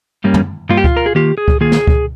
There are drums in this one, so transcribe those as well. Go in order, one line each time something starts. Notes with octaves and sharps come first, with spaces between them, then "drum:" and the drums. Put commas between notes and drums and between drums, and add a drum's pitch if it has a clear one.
G2 G3 A#3 C#4
drum: tom
G2 G3 A#3 F4
G4
F4, drum: kick C#2
A#4
G#4
D#3 A#3 F4 G4
G#4
drum: kick C#2
D#3 A#3 F4 G#4
drum: snare
drum: kick C#2